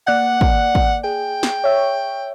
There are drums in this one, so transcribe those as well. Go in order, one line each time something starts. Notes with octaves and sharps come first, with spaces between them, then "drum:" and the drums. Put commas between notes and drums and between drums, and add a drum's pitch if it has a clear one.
A#3 D5 F#5 F#6
drum: kick
drum: kick
G#4 G5
drum: snare
C#5 E5